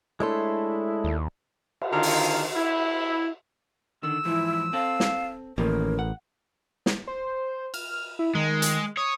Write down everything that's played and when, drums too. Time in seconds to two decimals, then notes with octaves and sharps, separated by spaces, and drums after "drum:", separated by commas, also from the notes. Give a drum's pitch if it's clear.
0.20 G#3 A3 D4 E4 A4 C#5 C6
1.04 D#2
1.81 drum: cymbal
1.92 D3 D#3 F4 A#4 D5 F5
2.03 drum: open hi-hat
2.55 E4
4.03 D3 D#3 E6
4.25 G#2 E3 F3 E4
4.73 C4 A4 F5
5.00 drum: snare
5.58 A1 D#3 A#3 C#4 A#4
5.99 F#5
6.86 drum: snare
7.07 C5
7.74 F6, drum: cymbal
8.19 E4
8.35 D#3 G#3
8.62 drum: hi-hat
8.97 C#5 D#6